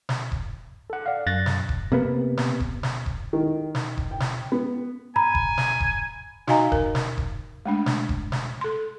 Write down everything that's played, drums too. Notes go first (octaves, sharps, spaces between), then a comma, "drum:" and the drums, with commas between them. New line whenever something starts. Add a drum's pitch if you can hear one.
drum: snare
drum: kick E1
A4 F#5
D5 F5
F#2 F#6 A6 A#6
drum: snare
drum: kick E1
C3 A#3 B3
drum: snare
drum: kick E1
drum: snare
drum: kick E1
D#3
drum: snare
drum: kick E1
G5
drum: snare
B3
G#5 A#5 B5
drum: kick E1
drum: snare
drum: kick E1
D#4 F#4 D#5 F5 G#5 A#5, drum: snare
A#4, drum: kick E1
drum: snare
drum: kick E1
G#3 A3 D4
drum: snare
drum: kick E1
drum: snare
A4 C6